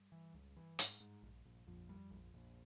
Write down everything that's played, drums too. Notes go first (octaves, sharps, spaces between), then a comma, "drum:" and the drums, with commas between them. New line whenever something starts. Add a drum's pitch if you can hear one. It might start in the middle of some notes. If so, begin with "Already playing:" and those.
Already playing: G2 G3
E3
C#2
E3
G#2, drum: hi-hat
G#2
A#1
A#1
A#1 F2 F3
G3
A#1
A#1